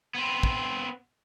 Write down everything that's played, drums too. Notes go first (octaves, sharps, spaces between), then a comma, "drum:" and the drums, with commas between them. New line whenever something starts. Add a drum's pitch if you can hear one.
B3 C4
drum: kick